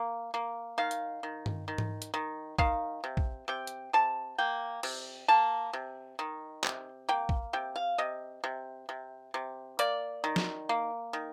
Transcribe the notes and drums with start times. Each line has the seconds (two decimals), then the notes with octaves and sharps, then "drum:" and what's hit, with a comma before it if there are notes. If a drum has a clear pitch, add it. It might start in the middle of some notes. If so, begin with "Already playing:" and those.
Already playing: A#3
0.34 A#3
0.78 D#3 F5
0.91 drum: hi-hat
1.23 D#3
1.46 drum: tom G2
1.68 D#3
1.78 drum: tom G#2
2.02 drum: hi-hat
2.14 D#3
2.59 D#3 F5, drum: kick
3.04 C3
3.17 drum: kick
3.48 C3 G5
3.67 drum: hi-hat
3.93 C3 A5
4.38 A#3 G5
4.83 C3, drum: cymbal
5.28 A#3 A5
5.73 C3
6.19 D#3
6.64 C3, drum: clap
7.09 A#3 G5
7.29 drum: kick
7.53 C3 G5
7.76 F5
7.98 C3 D#5
8.44 C3
8.89 C3
9.34 C3
9.79 A#3 D5, drum: hi-hat
10.24 D#3
10.36 drum: snare
10.69 A#3
11.13 D#3